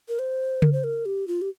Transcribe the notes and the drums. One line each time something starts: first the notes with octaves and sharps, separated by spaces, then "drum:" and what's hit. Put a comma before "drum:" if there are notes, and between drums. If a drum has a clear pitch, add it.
A#4
C5
A#4, drum: tom C#3
C5
A#4
G4
F4
G4